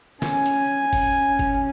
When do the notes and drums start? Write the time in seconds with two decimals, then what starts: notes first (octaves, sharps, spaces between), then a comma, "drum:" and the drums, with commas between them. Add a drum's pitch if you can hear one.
0.22 C#4 G#5, drum: snare
0.46 drum: hi-hat
0.93 C#4, drum: kick F#1, open hi-hat
1.39 drum: kick F#1, hi-hat